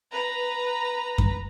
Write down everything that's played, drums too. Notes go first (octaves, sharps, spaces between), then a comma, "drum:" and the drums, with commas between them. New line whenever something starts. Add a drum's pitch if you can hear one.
B4 A#5
drum: kick F#2